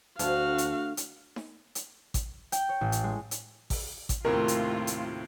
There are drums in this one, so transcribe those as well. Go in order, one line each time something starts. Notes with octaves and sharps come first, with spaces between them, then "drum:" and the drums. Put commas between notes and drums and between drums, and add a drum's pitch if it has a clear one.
D2 F#4 F5, drum: hi-hat
drum: hi-hat
drum: hi-hat
drum: snare D#4
drum: hi-hat
drum: kick G#1, hi-hat
G5, drum: hi-hat
C#5
A1
drum: hi-hat
G#3
drum: hi-hat
drum: kick G#1, open hi-hat
drum: kick G#1, hi-hat
D#2 A2 C3 A3 F4 A#4
drum: hi-hat
drum: hi-hat